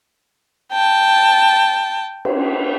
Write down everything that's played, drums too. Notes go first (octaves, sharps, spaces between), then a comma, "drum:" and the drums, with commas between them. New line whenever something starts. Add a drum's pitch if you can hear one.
G5 A5
drum: cymbal